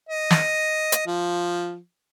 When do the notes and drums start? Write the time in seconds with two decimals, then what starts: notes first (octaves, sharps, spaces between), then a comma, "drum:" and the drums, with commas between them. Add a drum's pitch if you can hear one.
0.09 D#5
0.31 drum: snare
0.92 drum: hi-hat
1.06 F3